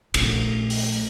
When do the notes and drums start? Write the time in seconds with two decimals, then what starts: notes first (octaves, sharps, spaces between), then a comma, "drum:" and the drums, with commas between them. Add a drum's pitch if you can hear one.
0.14 A#1 A3, drum: cymbal
0.70 drum: open hi-hat